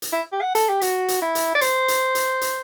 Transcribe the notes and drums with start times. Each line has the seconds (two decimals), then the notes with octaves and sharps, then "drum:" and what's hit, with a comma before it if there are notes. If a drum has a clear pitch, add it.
0.02 drum: hi-hat
0.12 E4
0.32 G4
0.41 F#5
0.55 A4, drum: hi-hat
0.69 G4
0.81 F#4, drum: hi-hat
1.08 drum: hi-hat
1.22 E4
1.35 drum: hi-hat
1.55 D5
1.61 C5, drum: hi-hat
1.88 drum: hi-hat
2.15 drum: hi-hat
2.41 drum: hi-hat